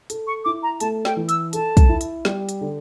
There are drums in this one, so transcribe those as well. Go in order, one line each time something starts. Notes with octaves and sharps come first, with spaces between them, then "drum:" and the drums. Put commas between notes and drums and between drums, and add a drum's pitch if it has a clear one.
A4, drum: hi-hat
C#6
E4 D6
A#5
A3 A5, drum: hi-hat
G5, drum: snare
E3
E6, drum: hi-hat
A4 A5, drum: hi-hat
drum: kick, hi-hat
E4
drum: hi-hat
G3, drum: snare
drum: hi-hat
D3